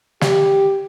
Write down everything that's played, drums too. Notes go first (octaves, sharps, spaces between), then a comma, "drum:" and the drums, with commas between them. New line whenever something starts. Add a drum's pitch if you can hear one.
G4, drum: snare